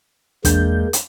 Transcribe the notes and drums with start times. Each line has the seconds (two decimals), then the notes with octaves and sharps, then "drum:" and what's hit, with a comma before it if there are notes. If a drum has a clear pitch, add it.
0.45 E2 G#3 A#3 D4 G6, drum: kick, hi-hat
0.93 drum: hi-hat